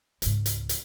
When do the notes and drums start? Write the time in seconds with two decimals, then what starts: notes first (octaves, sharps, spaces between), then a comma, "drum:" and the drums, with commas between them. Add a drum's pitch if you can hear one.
0.22 C#2 G#2, drum: hi-hat
0.46 drum: hi-hat
0.69 drum: hi-hat